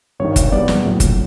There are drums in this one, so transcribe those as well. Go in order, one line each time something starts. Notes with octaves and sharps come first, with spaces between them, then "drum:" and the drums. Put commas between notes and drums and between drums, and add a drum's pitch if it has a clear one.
G#1 G2 D#3 C#5
drum: kick, hi-hat
E2 B2 G3 B3 D5
drum: snare
A#1 A2 F#3 A3
drum: kick, hi-hat